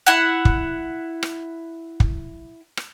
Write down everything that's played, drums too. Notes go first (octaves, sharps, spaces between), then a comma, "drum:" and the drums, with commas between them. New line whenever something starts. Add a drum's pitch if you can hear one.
E4 F#5
drum: kick
drum: rim click
drum: kick
drum: rim click